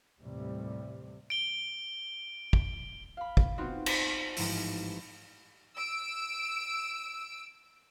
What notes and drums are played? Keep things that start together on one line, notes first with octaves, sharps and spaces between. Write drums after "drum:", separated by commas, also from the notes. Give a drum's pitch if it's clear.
D#2 A2 C3 E3 G3
D7 G7
drum: kick
F5 B5
drum: kick
B3 C4 D#4 F4 F#4
C5, drum: cymbal
A1 G#2 F3 E4, drum: open hi-hat
E6 D7